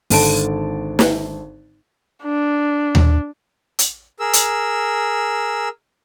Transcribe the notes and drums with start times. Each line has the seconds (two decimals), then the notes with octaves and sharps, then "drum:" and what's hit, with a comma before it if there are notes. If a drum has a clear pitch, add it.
0.10 G#1 D3 A5 D7, drum: open hi-hat
0.99 drum: snare
2.23 D4
2.95 drum: tom D#2
3.79 drum: hi-hat
4.20 G#4 A#4 E6
4.33 drum: hi-hat